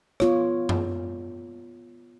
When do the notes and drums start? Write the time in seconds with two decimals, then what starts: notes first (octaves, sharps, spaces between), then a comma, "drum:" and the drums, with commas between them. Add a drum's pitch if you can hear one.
0.20 B3 F4 C#5, drum: rim click
0.69 drum: tom F#2